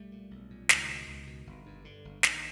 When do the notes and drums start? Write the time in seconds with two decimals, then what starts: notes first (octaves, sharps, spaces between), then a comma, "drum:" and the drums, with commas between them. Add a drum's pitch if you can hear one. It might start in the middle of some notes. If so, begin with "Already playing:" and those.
Already playing: B1 G3 A3
0.12 A#2
0.31 B1
0.50 A#2
0.69 C#2 D#3, drum: snare
0.89 B2
1.07 C#2
1.27 B2
1.47 G1
1.66 G2
1.85 D3
2.05 G1
2.23 A#1 D#3, drum: snare